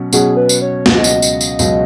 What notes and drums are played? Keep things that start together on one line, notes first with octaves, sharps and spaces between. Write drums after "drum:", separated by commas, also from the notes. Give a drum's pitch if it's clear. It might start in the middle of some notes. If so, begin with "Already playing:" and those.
Already playing: B2 F#3 C#4
B2 F#3 C#4 F#4 G#4, drum: tambourine
B4
drum: tambourine
C#5
C#2 B2 F#3 D#5, drum: snare
drum: tambourine
drum: tambourine
drum: tambourine
C#2 B2 F#3, drum: tambourine